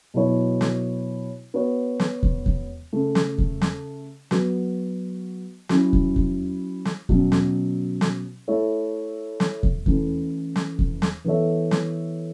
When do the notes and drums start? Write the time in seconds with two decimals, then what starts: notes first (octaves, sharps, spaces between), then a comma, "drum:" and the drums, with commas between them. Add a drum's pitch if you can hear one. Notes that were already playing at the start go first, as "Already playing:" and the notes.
0.14 B2 F#3 B3 E4 C#5
0.61 drum: snare
1.54 B3 F#4 C#5
2.00 drum: snare
2.23 drum: kick E2
2.46 drum: kick E2
2.93 C#3 A3 C#4
3.15 drum: snare
3.38 drum: kick E2
3.62 drum: snare
4.31 F#3 B3 F#4, drum: snare
5.69 F#3 C#4 E4, drum: snare
5.93 drum: kick E2
6.16 drum: kick E2
6.85 drum: snare
7.09 B2 F#3 C#4 F#4, drum: kick E2
7.32 drum: snare
8.01 drum: snare
8.48 A3 E4 A4 C#5 E5
9.40 drum: snare
9.63 drum: kick E2
9.86 E3 A3 C#4 E4, drum: kick E2
10.56 drum: snare
10.79 drum: kick E2
11.02 drum: snare
11.25 E3 B3 A4 C#5 E5
11.71 drum: snare